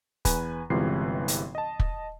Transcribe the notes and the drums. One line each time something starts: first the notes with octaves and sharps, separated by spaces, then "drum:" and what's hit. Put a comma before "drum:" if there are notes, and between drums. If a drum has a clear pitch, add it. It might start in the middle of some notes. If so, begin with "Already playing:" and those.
E2 B4 G#5, drum: kick, hi-hat
G1 C3 E3 G#3 F4 C7
drum: hi-hat
D#5 A5
drum: kick